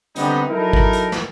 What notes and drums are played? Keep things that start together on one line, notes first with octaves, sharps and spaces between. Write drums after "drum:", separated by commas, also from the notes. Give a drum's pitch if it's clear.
D3 G3 B3 C4 D4 D#4, drum: hi-hat
F#3 D#4 E4 A4 A#4
drum: kick
drum: hi-hat
drum: snare